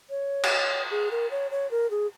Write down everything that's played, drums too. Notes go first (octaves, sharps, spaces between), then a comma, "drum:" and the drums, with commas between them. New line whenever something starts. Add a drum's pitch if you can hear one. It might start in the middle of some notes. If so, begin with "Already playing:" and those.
C#5
drum: cymbal
G#4
A#4
C#5
C#5
A#4
G#4